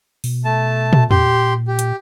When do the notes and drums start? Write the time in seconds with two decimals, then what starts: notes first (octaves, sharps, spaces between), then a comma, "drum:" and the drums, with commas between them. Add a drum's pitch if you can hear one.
0.24 B2, drum: open hi-hat
0.45 A3 A5
0.93 drum: tom
1.11 A#2 G4 C6, drum: tom E2
1.68 G4
1.79 drum: hi-hat